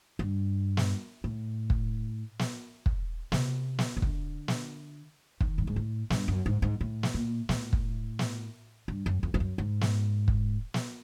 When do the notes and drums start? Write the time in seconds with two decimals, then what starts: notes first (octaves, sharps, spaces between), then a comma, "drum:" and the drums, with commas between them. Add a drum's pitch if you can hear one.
0.19 G2
0.77 drum: snare
1.24 A2
1.70 drum: kick
2.39 drum: snare
2.86 drum: kick
3.32 C3, drum: snare
3.79 drum: snare
3.97 C#3
4.02 D3, drum: kick
4.48 drum: snare
5.41 D#3, drum: kick
5.58 G2
5.67 G#2
5.76 A2
6.10 G2, drum: snare
6.28 F#2
6.46 G#2
6.62 G#2
6.81 A2
7.03 drum: snare
7.14 A#2
7.49 A2, drum: snare
7.73 drum: kick
8.19 drum: snare
8.88 G2
9.06 F#2
9.23 F2
9.34 F2
9.40 F#2
9.58 G#2
9.81 drum: snare
10.28 drum: kick
10.74 drum: snare